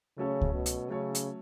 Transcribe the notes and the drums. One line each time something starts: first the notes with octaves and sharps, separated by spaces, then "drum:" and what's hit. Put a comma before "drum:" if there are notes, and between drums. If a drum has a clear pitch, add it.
C#3 F#3 A3 C#4 A4 C#5
drum: kick C#2
B2
drum: hi-hat
C#3 F#3 A3 C#4 A4 C#5
drum: hi-hat